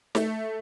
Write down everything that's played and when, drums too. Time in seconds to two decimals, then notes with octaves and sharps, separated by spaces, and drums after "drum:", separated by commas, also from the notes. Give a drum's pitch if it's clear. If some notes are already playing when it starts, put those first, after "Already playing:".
0.15 A3, drum: snare